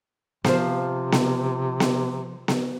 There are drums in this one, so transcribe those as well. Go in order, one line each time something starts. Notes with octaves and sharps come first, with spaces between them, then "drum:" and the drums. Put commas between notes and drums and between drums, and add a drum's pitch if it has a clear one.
C3 F3 C5, drum: snare B3
drum: snare B3
drum: snare B3
drum: snare B3